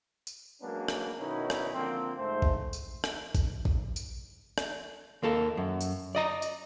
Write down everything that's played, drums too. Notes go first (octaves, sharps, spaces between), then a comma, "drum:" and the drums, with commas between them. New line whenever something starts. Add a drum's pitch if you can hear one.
drum: tambourine
F#3 G#3 A#3 B3 C#4 D4
drum: rim click
B1 B2 D#3 C#4 D#4 E4
drum: rim click
D3 F3 A#3 C4
G#2 A3 C5
drum: kick A1
drum: tambourine
drum: rim click
drum: kick A1, tambourine
drum: kick A1
drum: tambourine
drum: rim click
D#2 A#3 A4
F#2
drum: tambourine
D5 D#5 A#5
drum: tambourine